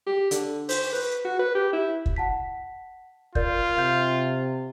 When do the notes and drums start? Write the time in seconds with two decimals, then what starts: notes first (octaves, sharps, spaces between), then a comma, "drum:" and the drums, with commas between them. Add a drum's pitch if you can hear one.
0.07 G4
0.31 D3, drum: hi-hat
0.69 C5, drum: open hi-hat
0.92 B4
1.25 F#4
1.39 B4
1.55 G4
1.73 E4
2.06 drum: kick
2.16 F#5 A5 B6
3.35 F4 A#4 D5 G6, drum: kick
3.77 C3 F5 G6